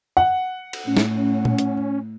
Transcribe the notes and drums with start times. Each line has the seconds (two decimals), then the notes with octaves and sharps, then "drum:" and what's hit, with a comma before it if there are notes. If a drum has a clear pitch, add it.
0.17 F#5
0.73 drum: cymbal
0.87 A2 C#4
0.97 drum: snare
1.45 drum: tom A#2
1.58 drum: hi-hat